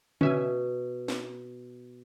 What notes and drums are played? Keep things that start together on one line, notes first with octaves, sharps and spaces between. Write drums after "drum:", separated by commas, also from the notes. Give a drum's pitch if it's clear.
B2 C#4 E5 G#5, drum: tom C#3
drum: snare